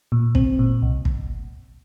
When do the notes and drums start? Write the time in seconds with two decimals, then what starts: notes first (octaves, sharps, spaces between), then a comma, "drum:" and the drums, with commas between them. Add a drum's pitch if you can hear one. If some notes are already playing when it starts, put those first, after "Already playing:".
0.12 A#2
0.35 C4, drum: kick
0.59 A#2
0.82 C2
1.05 drum: kick